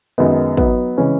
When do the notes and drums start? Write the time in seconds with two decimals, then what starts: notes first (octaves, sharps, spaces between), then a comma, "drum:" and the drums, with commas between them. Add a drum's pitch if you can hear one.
0.18 F#2 D#3 G#3 B3 D#4
0.57 F#3 B3 D#4, drum: kick
0.98 C#3 E3 G#3 C#4